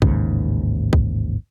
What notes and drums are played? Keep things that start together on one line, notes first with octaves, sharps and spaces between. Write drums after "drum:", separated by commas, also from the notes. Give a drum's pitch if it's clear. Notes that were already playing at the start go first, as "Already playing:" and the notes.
A1 D#2 G#2 C#3, drum: kick
drum: kick